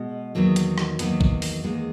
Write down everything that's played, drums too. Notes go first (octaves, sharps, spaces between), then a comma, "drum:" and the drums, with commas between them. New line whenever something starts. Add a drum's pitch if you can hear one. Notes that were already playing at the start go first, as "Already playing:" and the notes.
Already playing: B2 G#3
E2 D#3 F#3 A#3
drum: hi-hat
drum: rim click
E2 D#3 F#3 A#3 B3, drum: hi-hat
drum: kick A#1
drum: open hi-hat
E2 D#3 G#3 A#3